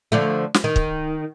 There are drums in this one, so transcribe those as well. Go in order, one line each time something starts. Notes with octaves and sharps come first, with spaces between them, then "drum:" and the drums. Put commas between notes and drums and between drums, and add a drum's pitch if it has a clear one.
D3 F3 A3
drum: snare
D#3
drum: kick